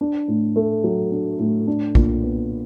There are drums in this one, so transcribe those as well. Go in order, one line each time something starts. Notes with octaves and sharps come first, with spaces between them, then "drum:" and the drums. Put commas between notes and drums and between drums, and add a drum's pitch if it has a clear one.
D4
A2
A3
F#3
D4
A2
D4
A#2, drum: kick
B3